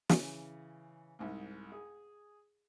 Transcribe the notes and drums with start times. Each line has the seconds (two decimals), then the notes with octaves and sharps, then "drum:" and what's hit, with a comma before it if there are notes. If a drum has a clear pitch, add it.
0.09 C#3 E3, drum: snare
1.19 C2 G#2
1.72 G#4